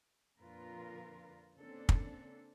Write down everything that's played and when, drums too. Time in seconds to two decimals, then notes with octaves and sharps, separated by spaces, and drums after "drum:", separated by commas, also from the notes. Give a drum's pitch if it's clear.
0.40 F2 A#2 D3 F4 A#4 B4
1.59 C#3 A#3 C4 D4 A4
1.89 drum: kick